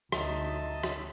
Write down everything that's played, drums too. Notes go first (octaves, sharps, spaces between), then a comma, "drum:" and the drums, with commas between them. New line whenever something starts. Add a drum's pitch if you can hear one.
D2 D#4 D#5 E5 A5, drum: rim click
drum: rim click